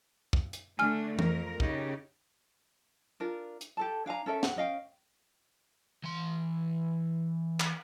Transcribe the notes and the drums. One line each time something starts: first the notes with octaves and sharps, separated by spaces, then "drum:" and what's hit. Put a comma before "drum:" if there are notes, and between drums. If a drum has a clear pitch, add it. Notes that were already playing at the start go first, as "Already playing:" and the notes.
drum: kick
drum: hi-hat
D3 A3 D4 G#5 F6
F2 A#4, drum: tom E3
C#3 D#4 G4, drum: kick
D4 F4 A#4
drum: hi-hat
G4 A4 A5
D4 F5 G#5 A#5
C#4 A4 A#4 E5
F#5, drum: snare
C#4 D#5 F5 G5
E3 C6
drum: clap